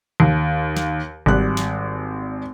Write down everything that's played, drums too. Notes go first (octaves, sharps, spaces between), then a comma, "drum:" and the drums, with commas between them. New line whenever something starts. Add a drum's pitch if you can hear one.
D#2
drum: snare
G#1 G3 F#6, drum: kick G1
drum: snare